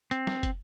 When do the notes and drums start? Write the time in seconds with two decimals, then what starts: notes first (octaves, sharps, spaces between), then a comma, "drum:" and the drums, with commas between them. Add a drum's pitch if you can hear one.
0.11 C4, drum: hi-hat
0.27 drum: snare
0.43 drum: kick, hi-hat